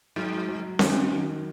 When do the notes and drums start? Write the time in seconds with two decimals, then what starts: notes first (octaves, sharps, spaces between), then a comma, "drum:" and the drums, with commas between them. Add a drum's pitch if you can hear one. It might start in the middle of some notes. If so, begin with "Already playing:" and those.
0.16 G#2 F#3
0.49 F#3
0.79 F#2 D#3, drum: snare C4
1.11 D#3